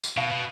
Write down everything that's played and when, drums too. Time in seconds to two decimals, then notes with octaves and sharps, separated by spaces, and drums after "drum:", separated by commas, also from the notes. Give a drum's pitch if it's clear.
0.03 drum: tambourine
0.17 B2 F5
0.31 B2